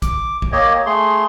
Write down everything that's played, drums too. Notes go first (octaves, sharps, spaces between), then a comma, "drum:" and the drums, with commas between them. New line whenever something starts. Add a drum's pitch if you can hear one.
D6, drum: kick, hi-hat
drum: kick
A#3 G4 C#5 D#5
A3 G#4 C6